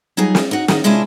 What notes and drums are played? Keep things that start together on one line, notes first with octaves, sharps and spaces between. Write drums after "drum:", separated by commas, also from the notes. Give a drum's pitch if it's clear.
F#3 G3 D#4 F4 G#4
drum: snare
D#4 F#4
D#3, drum: snare
C3 G#3 C#4 D4 E4 F4